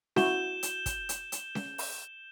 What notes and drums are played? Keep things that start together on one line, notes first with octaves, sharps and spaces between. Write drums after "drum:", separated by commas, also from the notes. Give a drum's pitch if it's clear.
E4 F#4 G6 E7 G7, drum: snare C#4
drum: hi-hat
drum: kick, hi-hat
drum: hi-hat
drum: hi-hat
drum: snare C#4
drum: open hi-hat